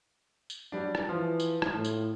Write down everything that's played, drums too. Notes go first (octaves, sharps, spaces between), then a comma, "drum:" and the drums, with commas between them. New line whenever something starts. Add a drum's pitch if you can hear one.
drum: tambourine
F#3 G3 D4
drum: rim click
E3 F3
drum: tambourine
drum: rim click
A2
drum: tambourine